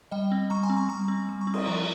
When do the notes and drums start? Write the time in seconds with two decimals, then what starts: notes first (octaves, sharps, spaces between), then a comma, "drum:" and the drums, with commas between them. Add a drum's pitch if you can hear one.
0.11 G3 D#5 G5
0.32 C4
0.50 G3 A#5 C#6
0.63 G#5 C6
0.70 C4
0.76 A#5 C#6
0.89 G3 A#5 C#6
1.08 C4
1.29 G3
1.41 A#5 C#6
1.47 C4
1.54 C6 D#6, drum: cymbal
1.67 F3 A#5 C#6